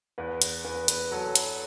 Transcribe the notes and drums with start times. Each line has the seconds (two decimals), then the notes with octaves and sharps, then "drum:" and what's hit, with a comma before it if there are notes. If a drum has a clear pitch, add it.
0.18 E2 B4
0.42 drum: hi-hat
0.65 E2 B4
0.88 B4, drum: hi-hat
1.12 F#3 A4
1.35 drum: hi-hat